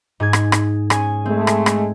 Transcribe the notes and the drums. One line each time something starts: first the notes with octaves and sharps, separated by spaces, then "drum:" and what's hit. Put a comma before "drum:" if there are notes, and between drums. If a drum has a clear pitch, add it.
G#2 G#4 G#6
drum: rim click
drum: rim click
C#4 G#4 G#5, drum: rim click
G#3 A3 C4
drum: rim click
drum: rim click